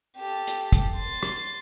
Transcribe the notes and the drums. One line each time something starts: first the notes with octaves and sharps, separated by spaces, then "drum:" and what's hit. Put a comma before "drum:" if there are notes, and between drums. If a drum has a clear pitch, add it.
G4 A4
drum: hi-hat
drum: kick, hi-hat
C6 A6
drum: rim click